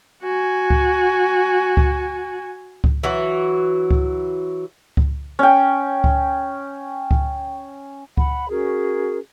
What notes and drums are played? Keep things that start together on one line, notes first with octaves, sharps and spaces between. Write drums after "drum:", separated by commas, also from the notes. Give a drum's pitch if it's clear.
F#4 G#5
drum: kick C#2
drum: kick C#2
drum: kick C#2
E3 F#3 F#4
drum: kick C#2
drum: kick C#2
C#4 G5
drum: kick C#2
drum: kick C#2
F#5 B5, drum: kick C#2
C#4 F#4 G#4 A#4